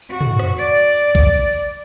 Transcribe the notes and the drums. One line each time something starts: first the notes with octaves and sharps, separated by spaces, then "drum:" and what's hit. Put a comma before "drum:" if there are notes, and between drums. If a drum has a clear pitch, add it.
drum: tambourine
F#4
drum: tom
drum: rim click
D5, drum: tambourine
drum: tambourine
drum: tambourine
drum: kick A#1, tambourine
drum: tambourine
drum: tambourine